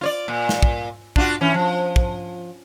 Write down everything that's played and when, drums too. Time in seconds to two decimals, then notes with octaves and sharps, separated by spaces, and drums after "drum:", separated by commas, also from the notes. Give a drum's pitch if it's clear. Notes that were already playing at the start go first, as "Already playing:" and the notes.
0.01 F4 C#5 D5
0.28 A#2
0.49 drum: snare
0.63 drum: kick
1.16 D4 F4 F#4, drum: kick
1.41 E3 C#4
1.54 F3
1.96 drum: kick